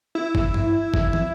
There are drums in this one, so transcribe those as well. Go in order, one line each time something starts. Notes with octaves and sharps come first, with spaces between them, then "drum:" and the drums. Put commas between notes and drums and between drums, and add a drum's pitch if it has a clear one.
E4
drum: kick G1
drum: tom G2
drum: kick G1
drum: tom